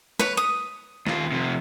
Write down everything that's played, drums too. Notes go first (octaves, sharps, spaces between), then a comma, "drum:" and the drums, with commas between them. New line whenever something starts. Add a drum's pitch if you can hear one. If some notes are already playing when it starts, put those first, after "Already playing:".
B4 C#5, drum: snare
D#6
D#2 F4, drum: snare
C3 F3